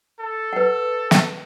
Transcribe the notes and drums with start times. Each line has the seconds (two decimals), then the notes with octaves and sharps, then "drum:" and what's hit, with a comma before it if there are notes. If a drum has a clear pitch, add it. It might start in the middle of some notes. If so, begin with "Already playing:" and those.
0.20 A4
0.53 B4 F#5
1.11 drum: snare